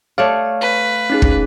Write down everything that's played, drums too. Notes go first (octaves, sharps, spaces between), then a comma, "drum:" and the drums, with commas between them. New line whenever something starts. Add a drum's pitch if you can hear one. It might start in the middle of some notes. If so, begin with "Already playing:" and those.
A3 C#5 D5 F5
B4
C#4 D#4 G#4
drum: kick